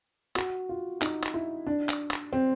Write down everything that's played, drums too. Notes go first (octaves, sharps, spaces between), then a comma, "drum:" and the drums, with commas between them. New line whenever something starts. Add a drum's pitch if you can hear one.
F#4, drum: clap
F4
D#4, drum: clap
drum: clap
E4
D4
drum: clap
drum: clap
C4